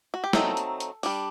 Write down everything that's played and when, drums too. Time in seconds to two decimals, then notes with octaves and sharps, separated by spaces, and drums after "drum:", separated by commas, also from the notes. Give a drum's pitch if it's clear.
0.14 F#4
0.24 G4
0.33 F#3 A3 C4 D#4 A4, drum: snare
0.57 drum: hi-hat
0.80 drum: hi-hat
1.03 G3 D4, drum: open hi-hat